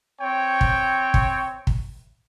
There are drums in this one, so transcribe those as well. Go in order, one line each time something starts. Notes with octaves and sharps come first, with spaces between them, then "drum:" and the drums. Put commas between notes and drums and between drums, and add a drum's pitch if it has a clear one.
C4 C#5 G5
drum: kick
drum: kick
drum: kick